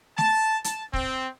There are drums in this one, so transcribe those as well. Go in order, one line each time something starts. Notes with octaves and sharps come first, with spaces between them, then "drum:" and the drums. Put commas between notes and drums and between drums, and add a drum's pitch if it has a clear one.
A5, drum: snare A3
A5, drum: hi-hat
C4, drum: kick